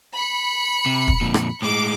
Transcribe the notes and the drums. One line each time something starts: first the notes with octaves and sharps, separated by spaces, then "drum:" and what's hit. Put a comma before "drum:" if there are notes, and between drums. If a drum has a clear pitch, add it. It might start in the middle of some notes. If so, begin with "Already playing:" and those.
B5 C#7
C3
drum: kick
F2 A#2
drum: rim click
A2 G#3 D6